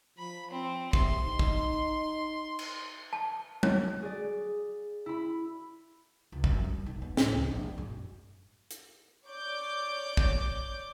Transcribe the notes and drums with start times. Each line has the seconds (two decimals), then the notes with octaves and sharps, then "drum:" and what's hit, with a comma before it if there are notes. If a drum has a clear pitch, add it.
0.18 F3 B5
0.51 C4
0.93 C3 C6, drum: kick
1.25 D#4
1.39 drum: kick
2.59 drum: cymbal
3.13 A5
3.63 C#5, drum: tom F#3
4.00 F#4 G#4 D5
5.06 E4 B5
6.32 C#2
6.44 F#2, drum: kick
6.60 G3
6.86 B1
7.02 B3
7.17 A2, drum: snare
7.31 C#2
7.47 A#1
7.63 G#2
7.78 F#2
8.71 drum: hi-hat
9.27 C#5 D5 D6 G6
10.17 drum: kick